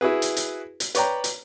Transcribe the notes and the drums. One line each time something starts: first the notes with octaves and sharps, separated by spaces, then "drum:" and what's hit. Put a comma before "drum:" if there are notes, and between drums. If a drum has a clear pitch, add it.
E4 F#4 G#4 B4
drum: hi-hat
drum: hi-hat
drum: hi-hat
B4 C#5 D5 G5 A#5, drum: hi-hat
drum: hi-hat